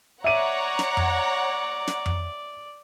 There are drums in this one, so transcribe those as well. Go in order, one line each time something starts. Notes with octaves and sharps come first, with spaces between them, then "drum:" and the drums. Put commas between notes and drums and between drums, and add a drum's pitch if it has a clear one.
C#5 D5 E5 F#5 A#5 D#7
drum: snare
drum: tom F2
drum: snare
drum: tom F2